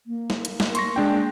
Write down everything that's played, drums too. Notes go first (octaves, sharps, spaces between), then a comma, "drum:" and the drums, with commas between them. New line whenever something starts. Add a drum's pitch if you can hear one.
A#3
drum: snare
drum: hi-hat
drum: snare
C6 C#6 A#6, drum: hi-hat
G#3 D4 G5